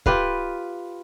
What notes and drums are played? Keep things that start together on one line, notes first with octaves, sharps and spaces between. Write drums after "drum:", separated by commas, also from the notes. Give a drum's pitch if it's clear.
F4 G4 B4 F5, drum: kick